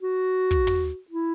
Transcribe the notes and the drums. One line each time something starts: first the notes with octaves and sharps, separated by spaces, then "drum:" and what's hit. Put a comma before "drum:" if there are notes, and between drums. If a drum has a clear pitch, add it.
F#4
drum: kick
drum: tom
E4